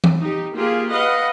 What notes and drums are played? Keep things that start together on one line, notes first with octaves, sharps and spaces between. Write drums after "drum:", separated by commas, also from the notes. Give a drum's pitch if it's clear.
drum: tom E3
D#4 G4
A#3 F4 G4 G#4
B4 D#5 F5 F#5